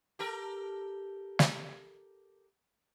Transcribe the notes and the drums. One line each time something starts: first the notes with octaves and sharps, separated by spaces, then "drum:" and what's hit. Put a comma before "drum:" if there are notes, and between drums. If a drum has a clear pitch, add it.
G4 A4 A#4
drum: snare